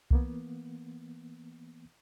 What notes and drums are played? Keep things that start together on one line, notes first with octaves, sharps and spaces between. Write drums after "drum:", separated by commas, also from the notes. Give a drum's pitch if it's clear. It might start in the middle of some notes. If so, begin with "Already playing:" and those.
E3 A#3 B3, drum: kick C2